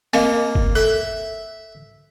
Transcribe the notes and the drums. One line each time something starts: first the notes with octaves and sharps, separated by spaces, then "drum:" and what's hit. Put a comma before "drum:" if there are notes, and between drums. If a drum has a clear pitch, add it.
A#3 C4 D#5 F5, drum: hi-hat
drum: kick G1
A4 E5